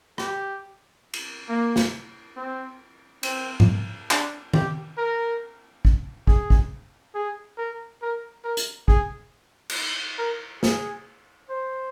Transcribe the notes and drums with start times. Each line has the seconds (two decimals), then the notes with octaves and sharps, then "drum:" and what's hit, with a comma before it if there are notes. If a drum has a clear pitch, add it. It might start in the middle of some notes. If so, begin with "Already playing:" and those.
0.18 G4, drum: rim click
1.14 drum: cymbal
1.49 A#3
1.76 drum: snare
2.36 C4
3.23 C4, drum: cymbal
3.60 drum: tom G#2
4.11 D4, drum: clap
4.54 G4, drum: tom
4.97 A#4
5.85 drum: kick
6.27 G#4, drum: kick
6.50 drum: kick
7.14 G#4
7.57 A#4
8.02 A#4
8.44 A#4
8.57 drum: hi-hat
8.88 G#4, drum: kick
9.70 drum: cymbal
10.18 A#4
10.63 G#4, drum: snare
11.50 C5